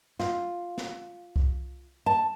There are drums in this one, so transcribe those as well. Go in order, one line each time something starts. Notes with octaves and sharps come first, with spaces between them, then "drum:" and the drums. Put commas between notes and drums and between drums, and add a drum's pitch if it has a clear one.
F4, drum: snare
drum: snare
drum: kick C2
A5